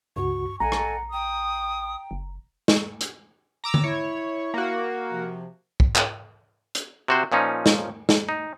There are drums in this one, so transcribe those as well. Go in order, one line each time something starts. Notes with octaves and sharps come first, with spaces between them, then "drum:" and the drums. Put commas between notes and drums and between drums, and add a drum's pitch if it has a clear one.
C#2 G2 F#4 C#6
A#1 A4 D#5 F#5 G#5 A#5
drum: rim click
G5 D#6
F#1
drum: snare
drum: hi-hat
A#5 D6 E6
drum: tom D3
E4 C#5
A#3 F#4
C3 F3
drum: kick
drum: clap
drum: hi-hat
C3 F#4 C5
A#2 F3 C#4 D#4
drum: snare
drum: snare
D#4